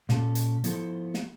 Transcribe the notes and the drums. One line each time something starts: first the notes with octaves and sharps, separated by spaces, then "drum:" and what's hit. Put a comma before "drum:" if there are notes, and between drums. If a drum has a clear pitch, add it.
A#2 C#4 A4, drum: snare
drum: hi-hat
F3 B3 E4 A4 C5, drum: hi-hat
drum: snare